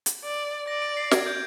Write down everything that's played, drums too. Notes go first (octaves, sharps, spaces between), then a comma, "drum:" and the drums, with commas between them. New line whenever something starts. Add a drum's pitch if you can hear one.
drum: hi-hat
D5
D5 A#6
D7
C7
G#6, drum: snare
G6